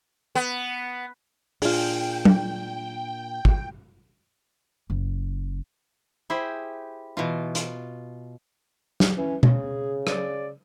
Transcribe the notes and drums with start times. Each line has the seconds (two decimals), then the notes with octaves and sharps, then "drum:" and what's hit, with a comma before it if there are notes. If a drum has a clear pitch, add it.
0.35 B3
1.62 A#2 D4 F4 G#4 G5, drum: open hi-hat
2.25 drum: tom F#3
3.45 drum: kick
4.90 F#1
6.30 E4 G4 G#4 C5
7.17 B2 E3 F4
7.55 F4, drum: hi-hat
9.00 drum: snare
9.17 E3 C#4
9.43 C#3 G#4, drum: tom B2
10.07 D5, drum: rim click